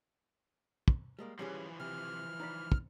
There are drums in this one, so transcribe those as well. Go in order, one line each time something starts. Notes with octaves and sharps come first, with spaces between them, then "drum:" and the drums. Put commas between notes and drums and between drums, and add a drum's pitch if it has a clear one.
drum: kick
G3 G#3 A#3
E3 F3 G3 C#4 G#4
C3 F6
D#4 D5 B5
drum: kick